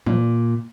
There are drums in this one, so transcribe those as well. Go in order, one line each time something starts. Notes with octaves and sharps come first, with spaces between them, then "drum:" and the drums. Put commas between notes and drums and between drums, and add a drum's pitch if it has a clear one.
A#2, drum: tom E3